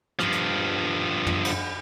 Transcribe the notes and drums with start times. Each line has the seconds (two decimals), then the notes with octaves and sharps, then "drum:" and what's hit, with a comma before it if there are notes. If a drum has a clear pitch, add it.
0.19 G2 F3, drum: rim click
0.32 drum: hi-hat
1.27 drum: tom
1.45 drum: cymbal